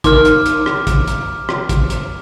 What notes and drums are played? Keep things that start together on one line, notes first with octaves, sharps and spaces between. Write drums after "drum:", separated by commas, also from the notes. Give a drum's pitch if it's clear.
D#4 A#4 D6 F6, drum: kick, hi-hat
drum: hi-hat
drum: hi-hat
drum: rim click
drum: kick, hi-hat
drum: hi-hat
drum: rim click
drum: kick, hi-hat
drum: hi-hat